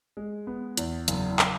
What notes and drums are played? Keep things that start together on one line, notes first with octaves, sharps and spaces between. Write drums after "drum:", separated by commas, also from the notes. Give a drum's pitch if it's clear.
G#3
B3
E2, drum: hi-hat
F#1, drum: hi-hat
drum: clap